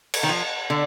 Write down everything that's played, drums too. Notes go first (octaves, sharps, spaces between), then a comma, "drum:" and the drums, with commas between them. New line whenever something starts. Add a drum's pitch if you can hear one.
drum: cymbal
D#3
F3
D3